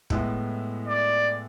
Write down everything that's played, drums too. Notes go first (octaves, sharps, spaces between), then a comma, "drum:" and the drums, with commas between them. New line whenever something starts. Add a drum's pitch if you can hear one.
A2 G#3 B3 E4, drum: kick
D5